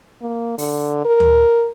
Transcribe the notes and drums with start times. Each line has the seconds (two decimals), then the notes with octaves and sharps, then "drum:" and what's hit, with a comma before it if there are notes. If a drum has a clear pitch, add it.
0.22 A#3
0.58 D3, drum: open hi-hat
1.05 A#4
1.20 drum: tom D2